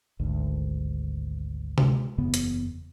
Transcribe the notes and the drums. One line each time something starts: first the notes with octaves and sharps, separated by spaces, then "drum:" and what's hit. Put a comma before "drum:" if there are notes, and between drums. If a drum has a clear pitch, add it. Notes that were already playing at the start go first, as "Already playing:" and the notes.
G#1 D2
drum: tom C3
F#1 E2 C#3 B3
drum: hi-hat